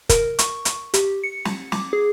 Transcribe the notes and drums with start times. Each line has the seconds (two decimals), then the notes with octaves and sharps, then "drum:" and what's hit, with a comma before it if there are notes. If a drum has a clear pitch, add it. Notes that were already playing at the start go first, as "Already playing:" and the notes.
0.09 A#4, drum: kick, hi-hat
0.39 C#6, drum: hi-hat
0.65 drum: hi-hat
0.94 G4, drum: hi-hat
1.24 C#7
1.45 drum: snare
1.72 D6, drum: snare
1.93 G#4